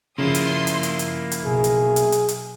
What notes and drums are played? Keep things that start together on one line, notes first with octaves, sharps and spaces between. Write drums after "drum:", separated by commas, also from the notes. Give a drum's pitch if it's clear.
C#3 F3 A#3 E4 C6 D#6 G6
drum: hi-hat
drum: hi-hat
drum: hi-hat
drum: hi-hat
drum: hi-hat
B1 G#4
drum: hi-hat
drum: hi-hat
drum: hi-hat
drum: hi-hat